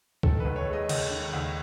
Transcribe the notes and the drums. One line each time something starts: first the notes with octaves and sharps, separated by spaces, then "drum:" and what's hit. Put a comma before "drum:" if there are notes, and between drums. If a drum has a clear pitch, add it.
D#3 A4, drum: kick C#2
B4
D#2
C#5
G#3
D#5
D#2, drum: cymbal
D#3
D#2